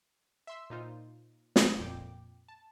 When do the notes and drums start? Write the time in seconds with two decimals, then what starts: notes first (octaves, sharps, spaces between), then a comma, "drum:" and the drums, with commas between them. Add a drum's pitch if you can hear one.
0.47 E5 C6 E6
0.70 A#2 D#4 F4 C5
1.56 drum: snare
1.80 F2 A#2 G5 D6
2.48 A5